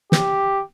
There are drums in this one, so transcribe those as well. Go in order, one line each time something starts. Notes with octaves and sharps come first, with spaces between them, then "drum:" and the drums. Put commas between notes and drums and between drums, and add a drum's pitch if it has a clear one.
G4, drum: snare